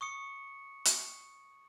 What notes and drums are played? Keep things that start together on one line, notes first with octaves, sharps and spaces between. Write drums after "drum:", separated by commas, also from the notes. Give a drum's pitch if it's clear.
C#6 D#6 C#7
drum: hi-hat